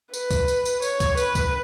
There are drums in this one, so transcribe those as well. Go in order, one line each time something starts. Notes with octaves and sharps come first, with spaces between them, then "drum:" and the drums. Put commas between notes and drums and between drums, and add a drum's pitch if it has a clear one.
B4, drum: tambourine
drum: kick, tambourine
drum: tambourine
drum: tambourine
C#5, drum: tambourine
drum: kick, tambourine
B4, drum: tambourine
drum: kick, tambourine